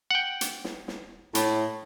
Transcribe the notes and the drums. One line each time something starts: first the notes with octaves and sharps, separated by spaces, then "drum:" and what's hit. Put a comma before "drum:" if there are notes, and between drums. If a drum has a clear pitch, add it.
F#5 G5
drum: hi-hat
drum: snare
drum: snare
A2, drum: hi-hat